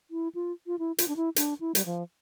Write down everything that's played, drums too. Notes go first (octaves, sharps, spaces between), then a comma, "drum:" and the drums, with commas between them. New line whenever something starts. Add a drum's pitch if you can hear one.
E4
F4
F4
E4
F4, drum: hi-hat
D4
E4
D4, drum: hi-hat
E4
G3, drum: hi-hat
F3